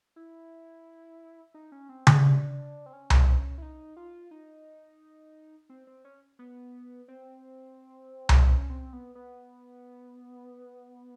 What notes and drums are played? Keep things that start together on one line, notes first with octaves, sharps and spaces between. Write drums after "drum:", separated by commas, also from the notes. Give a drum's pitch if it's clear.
E4
D#4
C#4
C4
D4, drum: tom C#3
D4
C4
C#4
drum: tom C2
E4
D#4
F4
D#4
C4
C4
C#4
B3
C4
drum: tom C2
C#4
C4
B3
B3